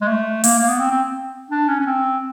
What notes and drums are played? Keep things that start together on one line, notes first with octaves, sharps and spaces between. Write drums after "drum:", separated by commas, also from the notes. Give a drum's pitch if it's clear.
G#3
A3
A#3, drum: open hi-hat
A#3
B3
C4
C4
D4
C#4
C#4
C4